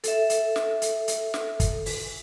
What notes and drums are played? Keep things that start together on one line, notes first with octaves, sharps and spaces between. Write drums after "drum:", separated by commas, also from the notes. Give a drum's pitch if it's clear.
A4 E5, drum: hi-hat
drum: hi-hat
drum: snare
drum: hi-hat
drum: hi-hat
drum: snare
drum: kick, hi-hat
drum: open hi-hat